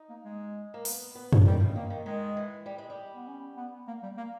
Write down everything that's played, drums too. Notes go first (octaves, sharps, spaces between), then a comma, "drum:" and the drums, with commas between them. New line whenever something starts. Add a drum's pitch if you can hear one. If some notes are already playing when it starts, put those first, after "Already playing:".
Already playing: D#4
A#3
G#3
A#3
B3, drum: open hi-hat
B3
drum: tom F#2
D#3 G3
C#3
D#3 A#3
D#3
D#3 G#3
E3
G3
G#3
G3
B3
C#4
B3
A#3
G3
A#3